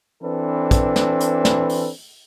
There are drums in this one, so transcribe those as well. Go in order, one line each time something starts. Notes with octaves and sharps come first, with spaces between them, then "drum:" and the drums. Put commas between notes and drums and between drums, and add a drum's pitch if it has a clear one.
E3 C4 D4 A4 B4
drum: kick, hi-hat
drum: snare
drum: hi-hat
drum: snare
drum: open hi-hat